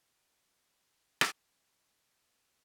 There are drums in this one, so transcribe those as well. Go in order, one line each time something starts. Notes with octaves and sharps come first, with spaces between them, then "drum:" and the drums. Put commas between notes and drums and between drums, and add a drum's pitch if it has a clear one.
E2 F3
drum: rim click